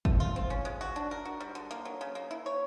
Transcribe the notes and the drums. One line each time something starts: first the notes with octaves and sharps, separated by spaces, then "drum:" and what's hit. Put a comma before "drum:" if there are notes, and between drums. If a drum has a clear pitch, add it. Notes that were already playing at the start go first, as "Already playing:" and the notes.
A3, drum: kick
F4
C4
C#4
G#3
F#4
D4
A#4
F#4
G3
D3
A#3
F#3
C#3
A#3
E4
C#5